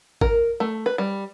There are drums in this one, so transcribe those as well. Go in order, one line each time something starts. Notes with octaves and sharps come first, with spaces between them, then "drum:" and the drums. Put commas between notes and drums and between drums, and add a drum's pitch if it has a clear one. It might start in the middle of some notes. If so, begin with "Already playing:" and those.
A#4, drum: kick
A3
B4
G3